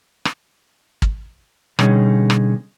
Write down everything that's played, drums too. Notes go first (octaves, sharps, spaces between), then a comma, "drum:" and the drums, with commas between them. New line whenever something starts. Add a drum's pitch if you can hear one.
drum: rim click
drum: kick
B2 D3 G3 C#4 D#4 G#4, drum: rim click
drum: rim click